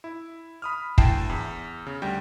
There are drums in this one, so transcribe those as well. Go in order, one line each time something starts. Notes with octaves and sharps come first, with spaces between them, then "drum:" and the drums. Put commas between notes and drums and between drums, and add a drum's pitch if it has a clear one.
E4
B5 D#6 F6
D2 E4 G5 A5 C7 E7, drum: kick
E2
C#3
D2 G3 G5